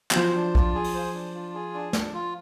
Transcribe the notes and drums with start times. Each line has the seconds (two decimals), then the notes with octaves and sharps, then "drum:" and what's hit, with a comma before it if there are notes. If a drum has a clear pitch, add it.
0.11 F#3, drum: clap
0.15 F3 C5
0.35 D4
0.55 F4, drum: kick A#1
0.75 G#4
0.84 drum: open hi-hat
0.95 C5
1.14 D4
1.35 F4
1.54 G#4
1.74 D4
1.93 D4, drum: snare
2.14 F4